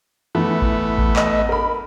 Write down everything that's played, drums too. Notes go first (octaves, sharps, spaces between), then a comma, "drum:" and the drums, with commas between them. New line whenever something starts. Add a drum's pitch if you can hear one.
E3 A3 B3
drum: kick A1
drum: kick A1
D#5, drum: clap
A#4 B5